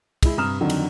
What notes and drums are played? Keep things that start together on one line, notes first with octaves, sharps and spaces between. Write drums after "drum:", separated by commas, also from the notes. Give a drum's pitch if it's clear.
G#3 E4, drum: kick, cymbal
G2 C3 A#5 D#6 F6 E7
F2 D3 D#3 F#3
drum: cymbal